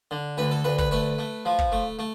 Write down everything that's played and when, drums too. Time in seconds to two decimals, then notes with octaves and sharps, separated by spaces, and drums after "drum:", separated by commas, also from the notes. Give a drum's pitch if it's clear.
0.11 D3
0.38 D2 B4
0.51 A4
0.64 D2 B4
0.78 B4, drum: kick
0.91 A3 B4
1.19 A3
1.46 F3
1.59 drum: kick
1.72 A3
1.99 A3